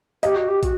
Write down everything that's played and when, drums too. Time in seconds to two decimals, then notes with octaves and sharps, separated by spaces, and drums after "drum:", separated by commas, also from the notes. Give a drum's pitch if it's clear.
0.23 G4 D#5, drum: hi-hat
0.35 F#4
0.48 G4
0.63 F#4, drum: kick, hi-hat